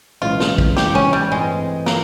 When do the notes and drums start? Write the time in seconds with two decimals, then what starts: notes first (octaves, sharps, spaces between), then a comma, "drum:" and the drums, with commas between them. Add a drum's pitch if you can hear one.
0.21 B1 A2 E3 G#3 C#4 F4
0.40 drum: snare
0.58 drum: kick
0.77 G4, drum: snare
0.95 C#4, drum: tom
1.13 G3
1.32 G2 E3 G#3 A3 C4
1.86 A#3, drum: snare